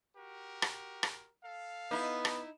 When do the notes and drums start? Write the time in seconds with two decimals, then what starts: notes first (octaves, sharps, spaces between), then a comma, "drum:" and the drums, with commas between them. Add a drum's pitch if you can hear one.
0.16 F#4 G4 A#4
0.62 drum: rim click
1.03 drum: rim click
1.43 A4 F5
1.91 B3 D#4 E4
2.25 drum: rim click